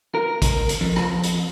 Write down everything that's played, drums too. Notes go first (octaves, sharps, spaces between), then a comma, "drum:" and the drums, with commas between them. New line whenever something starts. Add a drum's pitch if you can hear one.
A#4
drum: kick, hi-hat
drum: hi-hat
F2
drum: rim click
drum: hi-hat